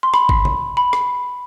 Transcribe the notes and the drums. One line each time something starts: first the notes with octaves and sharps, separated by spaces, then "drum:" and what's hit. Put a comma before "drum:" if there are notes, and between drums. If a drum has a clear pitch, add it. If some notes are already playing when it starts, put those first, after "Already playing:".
C6
B5, drum: rim click
drum: kick G#1
drum: tom C3
B5
drum: rim click